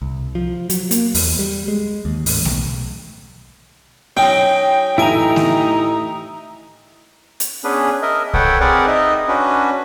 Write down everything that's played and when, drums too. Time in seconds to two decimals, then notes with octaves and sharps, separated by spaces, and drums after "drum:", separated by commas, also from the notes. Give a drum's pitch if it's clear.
0.02 C2
0.35 F3
0.70 F#3, drum: hi-hat
0.91 A#3, drum: hi-hat
1.15 E2, drum: open hi-hat
1.39 G3
1.68 G#3
2.05 D#2
2.26 A1, drum: open hi-hat
2.45 B1, drum: snare A3
4.17 F#3 C#4 D#4 G5
4.98 A1 D#4 E4 G#5 A#5
5.36 drum: snare A3
7.40 drum: hi-hat
7.64 B3 C#4 D4 G#4 B4
8.02 A#4 D#5 E5
8.34 A4 B4 C#5 F#5 G5, drum: kick B1
8.60 C4 G#4 A#4 B4 D5 F#5
8.87 D#4 D#5 E5
9.28 C#4 D4 F#4 B4